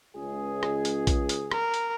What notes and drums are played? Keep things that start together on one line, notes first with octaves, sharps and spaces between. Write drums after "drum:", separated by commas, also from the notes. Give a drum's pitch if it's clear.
C#2 G#4
drum: rim click
drum: hi-hat
drum: kick A#1, hi-hat
drum: hi-hat
A#4, drum: rim click
drum: hi-hat